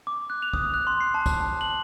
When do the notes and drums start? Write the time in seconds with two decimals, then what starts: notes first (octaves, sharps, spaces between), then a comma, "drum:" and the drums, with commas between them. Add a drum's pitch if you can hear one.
0.07 D6
0.30 F#6
0.42 F7
0.54 D#6, drum: kick
0.74 F#6
0.87 C6
1.01 C7
1.14 A5
1.26 drum: kick, tambourine
1.41 A5
1.61 F#7